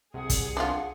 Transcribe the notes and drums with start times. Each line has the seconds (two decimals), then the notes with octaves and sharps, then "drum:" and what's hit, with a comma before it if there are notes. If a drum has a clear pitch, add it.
0.14 C2 G#4 F#5
0.30 drum: kick, hi-hat
0.57 D4 E4 F4